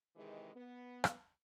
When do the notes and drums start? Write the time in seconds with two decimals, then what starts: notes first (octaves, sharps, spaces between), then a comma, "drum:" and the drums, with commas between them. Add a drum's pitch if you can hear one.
0.16 C3 D#3 E3 G#3
0.55 B3
1.04 drum: rim click